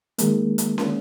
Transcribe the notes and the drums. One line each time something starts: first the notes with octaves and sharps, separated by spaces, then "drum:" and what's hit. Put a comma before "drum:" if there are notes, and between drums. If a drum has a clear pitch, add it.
D#3 G#3 A#3, drum: hi-hat
drum: hi-hat
drum: snare C#4